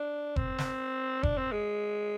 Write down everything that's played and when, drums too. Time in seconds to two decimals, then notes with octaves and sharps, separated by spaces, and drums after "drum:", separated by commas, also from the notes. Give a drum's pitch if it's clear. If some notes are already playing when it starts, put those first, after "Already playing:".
Already playing: D4
0.36 C4, drum: kick F1
0.58 drum: snare
1.23 D4, drum: kick F1
1.37 C4
1.52 G#3